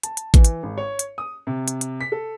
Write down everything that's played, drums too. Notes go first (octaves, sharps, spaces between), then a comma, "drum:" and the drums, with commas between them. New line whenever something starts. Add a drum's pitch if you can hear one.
A5, drum: hi-hat
drum: hi-hat
E3, drum: kick A1, hi-hat
drum: hi-hat
G#1
C#5
drum: hi-hat
D#6
C3
drum: hi-hat
drum: hi-hat
B6
A4